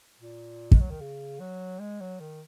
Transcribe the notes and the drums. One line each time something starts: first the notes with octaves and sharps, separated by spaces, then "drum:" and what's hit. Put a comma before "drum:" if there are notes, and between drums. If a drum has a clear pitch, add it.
A#2
G#3, drum: kick
F#3
D#3
C#3
F#3
G#3
F#3
D#3